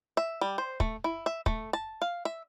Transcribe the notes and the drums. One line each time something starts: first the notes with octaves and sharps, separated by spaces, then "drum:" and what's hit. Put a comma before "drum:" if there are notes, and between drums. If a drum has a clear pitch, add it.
E5
G3
C5
A3, drum: kick
E4
E5
A3, drum: kick
A5
F5
E5